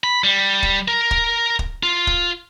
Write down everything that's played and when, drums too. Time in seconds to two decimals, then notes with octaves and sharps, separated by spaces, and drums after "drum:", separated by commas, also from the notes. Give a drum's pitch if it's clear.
0.04 B5
0.24 G3
0.63 drum: kick
0.88 A#4
1.11 drum: kick
1.59 drum: kick
1.83 F4
2.07 drum: kick